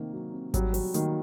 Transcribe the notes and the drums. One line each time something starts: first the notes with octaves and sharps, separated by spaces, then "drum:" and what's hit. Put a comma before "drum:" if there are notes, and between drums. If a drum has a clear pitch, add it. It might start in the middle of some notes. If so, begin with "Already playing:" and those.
Already playing: C3 D#3 A#3
F#3
C3
F#3 G3, drum: kick G#1, hi-hat
F#3 F#4, drum: open hi-hat
D#3 A#3, drum: hi-hat